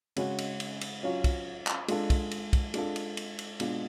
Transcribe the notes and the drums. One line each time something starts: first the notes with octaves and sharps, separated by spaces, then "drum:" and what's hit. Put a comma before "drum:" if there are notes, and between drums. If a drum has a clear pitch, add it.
C#3 G#3 C#4 F#4, drum: cymbal
drum: cymbal
drum: cymbal
drum: cymbal
F#3 C#4 F4
drum: kick, cymbal
drum: clap
G#3 D4 F4 A4, drum: cymbal
drum: kick, cymbal
drum: cymbal
drum: kick, cymbal
G#3 D4 F4 A4, drum: cymbal
drum: cymbal
drum: cymbal
drum: cymbal
B2 G#3 D4 F4, drum: cymbal